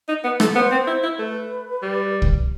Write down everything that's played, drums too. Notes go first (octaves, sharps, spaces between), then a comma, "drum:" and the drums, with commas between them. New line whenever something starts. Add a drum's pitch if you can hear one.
D#4
B3
A3, drum: rim click
B3 C5
C4
E4
E4
A3 B4
G3
drum: kick